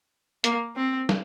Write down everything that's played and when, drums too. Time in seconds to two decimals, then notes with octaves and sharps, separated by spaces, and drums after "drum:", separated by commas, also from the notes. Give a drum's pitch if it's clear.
0.44 A#3, drum: hi-hat
0.76 C4
1.09 drum: snare